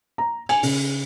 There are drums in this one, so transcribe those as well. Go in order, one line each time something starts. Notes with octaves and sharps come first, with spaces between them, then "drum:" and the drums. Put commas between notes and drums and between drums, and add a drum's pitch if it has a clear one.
A#5
G#5, drum: cymbal
C#3, drum: open hi-hat